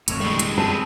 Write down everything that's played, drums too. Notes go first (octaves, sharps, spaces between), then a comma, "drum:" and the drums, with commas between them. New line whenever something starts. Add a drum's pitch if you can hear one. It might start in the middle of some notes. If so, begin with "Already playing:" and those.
F#1 F2 A2 E3 C#5, drum: hi-hat
E1 D3 G3 G#3 A#3
drum: hi-hat
C4 G#4 B4 A5